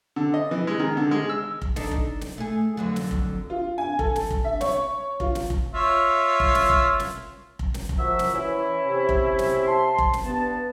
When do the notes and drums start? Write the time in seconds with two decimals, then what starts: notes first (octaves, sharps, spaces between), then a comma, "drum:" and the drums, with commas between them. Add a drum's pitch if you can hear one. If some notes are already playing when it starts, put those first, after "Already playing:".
0.16 D3
0.34 D#5
0.51 E3
0.67 G#3
0.79 D#3
0.97 D3
1.11 G#3
1.29 E6
1.62 drum: kick F1
1.76 D4 D#4 A4, drum: snare
1.91 drum: kick F1
2.21 drum: snare
2.38 A3 G#4
2.77 F2 D3 F#3
2.96 drum: snare
3.11 drum: kick F1
3.50 F4
3.78 G#5
3.99 A4, drum: kick F1
4.16 drum: snare
4.31 drum: kick F1
4.44 E5
4.61 C#5, drum: snare
5.20 F4, drum: kick F1
5.35 drum: snare
5.50 drum: kick F1
5.74 F4 C#5 E5
6.40 drum: kick F1
6.55 drum: snare
6.70 drum: kick F1
7.00 drum: snare
7.59 drum: kick F1
7.74 drum: snare
7.89 drum: kick F1
7.98 F3 F#4 A#4 E5
8.19 drum: snare
8.34 E3 C#4 E4
8.88 C3
9.09 drum: kick F1
9.39 drum: snare
9.66 A5 C6
9.98 drum: kick F1
10.13 drum: snare
10.24 G2 B3 A5